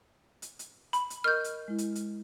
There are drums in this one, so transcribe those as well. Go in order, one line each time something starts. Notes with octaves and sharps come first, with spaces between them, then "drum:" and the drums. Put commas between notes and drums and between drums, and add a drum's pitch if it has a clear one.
drum: hi-hat
drum: hi-hat
B5, drum: hi-hat
drum: hi-hat
A#4 D#5 C#6 F6 G6
drum: hi-hat
G#3 E4
drum: hi-hat
drum: hi-hat